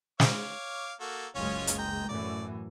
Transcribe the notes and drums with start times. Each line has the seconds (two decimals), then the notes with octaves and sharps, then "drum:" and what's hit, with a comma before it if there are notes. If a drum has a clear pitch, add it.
0.20 C#5 F5 D6, drum: snare
1.00 A#3 F#4 A4
1.35 F#1 C#2 G#3 C#4 F4 C#5
1.67 drum: hi-hat
1.78 G5 A#5
2.09 F#2 A2 E3 D5